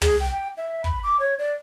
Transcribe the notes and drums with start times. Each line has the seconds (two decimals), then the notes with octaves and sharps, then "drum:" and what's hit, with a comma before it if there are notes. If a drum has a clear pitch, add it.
0.02 G#4, drum: tom
0.20 G5
0.32 G5
0.57 E5
0.84 B5, drum: kick
1.03 D6
1.20 C#5
1.39 D5